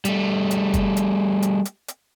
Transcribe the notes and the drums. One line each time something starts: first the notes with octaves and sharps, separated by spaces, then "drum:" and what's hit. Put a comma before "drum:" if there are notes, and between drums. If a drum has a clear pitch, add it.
G3 A3, drum: hi-hat
drum: hi-hat
drum: kick, hi-hat
drum: hi-hat
drum: hi-hat
drum: hi-hat
drum: hi-hat